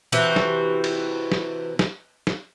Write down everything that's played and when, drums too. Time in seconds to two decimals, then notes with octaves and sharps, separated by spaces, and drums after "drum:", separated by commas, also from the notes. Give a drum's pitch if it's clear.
0.12 C3 E3 C4 F#4
0.36 drum: snare
0.84 drum: cymbal
1.32 drum: snare
1.79 drum: snare
2.27 drum: snare